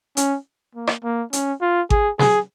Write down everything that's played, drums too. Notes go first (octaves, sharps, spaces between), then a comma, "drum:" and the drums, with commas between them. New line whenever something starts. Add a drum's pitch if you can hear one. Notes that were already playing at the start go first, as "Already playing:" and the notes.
C#4, drum: hi-hat
A#3
drum: rim click
A#3
C#4, drum: hi-hat
F4
G#4, drum: kick G#1
G#4, drum: snare